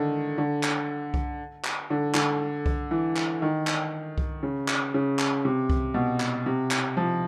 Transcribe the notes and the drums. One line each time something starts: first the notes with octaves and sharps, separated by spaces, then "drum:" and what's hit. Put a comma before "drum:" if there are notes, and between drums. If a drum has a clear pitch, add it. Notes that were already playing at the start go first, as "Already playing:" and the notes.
Already playing: D3 D#3
D3
drum: clap
drum: kick C2
drum: clap
D3
D3, drum: clap
drum: kick C2
E3
drum: clap
D#3
drum: clap
drum: kick C2
C#3
drum: clap
C#3
drum: clap
C3
drum: kick C2
B2
drum: clap
C3
drum: clap
F3